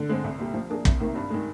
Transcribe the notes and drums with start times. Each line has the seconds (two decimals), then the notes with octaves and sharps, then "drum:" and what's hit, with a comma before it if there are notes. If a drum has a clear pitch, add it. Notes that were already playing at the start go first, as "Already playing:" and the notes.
Already playing: D3
0.09 G#3 C4
0.24 C2
0.39 A#2 G3
0.54 F3
0.70 A#3 D4 G#4
0.85 C2, drum: kick
1.00 C3 D#3 A#3
1.15 G2
1.30 D#3 G#3